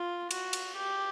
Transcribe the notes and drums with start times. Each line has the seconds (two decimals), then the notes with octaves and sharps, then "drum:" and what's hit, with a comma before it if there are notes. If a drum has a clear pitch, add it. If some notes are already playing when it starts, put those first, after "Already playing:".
Already playing: F4
0.31 F#4, drum: cymbal
0.53 drum: cymbal
0.75 G4